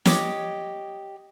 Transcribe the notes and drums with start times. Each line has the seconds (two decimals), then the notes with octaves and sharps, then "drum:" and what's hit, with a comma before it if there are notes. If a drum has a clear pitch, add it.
0.06 G4 C#5 D#5 D6, drum: snare